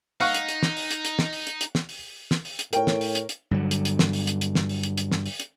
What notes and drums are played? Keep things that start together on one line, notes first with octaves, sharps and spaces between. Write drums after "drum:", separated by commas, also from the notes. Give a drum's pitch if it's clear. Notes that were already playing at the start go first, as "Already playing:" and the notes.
D#4 F5 F#5 C#6, drum: open hi-hat
drum: hi-hat
drum: hi-hat
drum: snare
drum: open hi-hat
drum: hi-hat
drum: hi-hat
drum: snare
drum: open hi-hat
drum: hi-hat
drum: hi-hat
drum: snare
drum: open hi-hat
drum: snare
drum: open hi-hat
drum: hi-hat
A2 A#4 C#5 G5, drum: hi-hat
drum: snare
drum: open hi-hat
drum: hi-hat
drum: hi-hat
G2 D3 F#3
drum: hi-hat
drum: hi-hat
drum: snare
drum: open hi-hat
drum: hi-hat
drum: hi-hat
drum: snare
drum: open hi-hat
drum: hi-hat
drum: hi-hat
drum: snare
drum: open hi-hat
drum: hi-hat